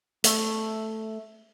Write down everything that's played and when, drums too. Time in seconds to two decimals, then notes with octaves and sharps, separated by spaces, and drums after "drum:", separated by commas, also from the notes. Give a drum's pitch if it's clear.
0.24 A3, drum: hi-hat